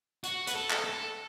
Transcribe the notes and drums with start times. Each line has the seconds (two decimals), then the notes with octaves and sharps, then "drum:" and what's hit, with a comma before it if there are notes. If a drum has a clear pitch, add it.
0.24 F#4, drum: hi-hat
0.47 B4, drum: hi-hat
0.55 A4
0.70 drum: clap
0.85 A4